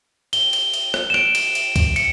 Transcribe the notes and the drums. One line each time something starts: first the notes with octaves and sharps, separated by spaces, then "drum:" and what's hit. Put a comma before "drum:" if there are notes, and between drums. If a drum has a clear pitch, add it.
G7, drum: cymbal
drum: cymbal
drum: cymbal
drum: rim click
E7
D7, drum: rim click
drum: cymbal
drum: cymbal
drum: kick C#2, cymbal
C#7, drum: cymbal